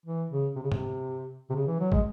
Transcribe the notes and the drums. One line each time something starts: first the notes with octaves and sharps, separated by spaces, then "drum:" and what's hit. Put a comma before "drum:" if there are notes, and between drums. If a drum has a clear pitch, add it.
E3
C#3
C3
C#3
C3, drum: tom G2
C3
C#3
E3
F#3
G#3, drum: kick